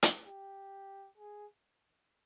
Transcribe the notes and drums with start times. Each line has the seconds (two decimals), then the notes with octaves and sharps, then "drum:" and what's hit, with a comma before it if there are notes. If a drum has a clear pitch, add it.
0.03 drum: hi-hat
0.25 G4
1.18 G#4